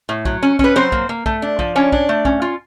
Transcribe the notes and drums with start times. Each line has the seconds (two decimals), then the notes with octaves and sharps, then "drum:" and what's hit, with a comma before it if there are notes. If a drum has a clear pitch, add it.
0.09 A2
0.25 F#3, drum: kick
0.43 C#4
0.59 C#4 B4, drum: kick
0.76 F#3 C4 C5
0.92 A#3, drum: kick
1.09 A#3
1.26 A3, drum: kick
1.42 D4
1.59 F3, drum: kick
1.76 C#4 D4 C#5
1.92 D4, drum: kick
2.09 A3
2.25 C#4, drum: kick
2.42 F4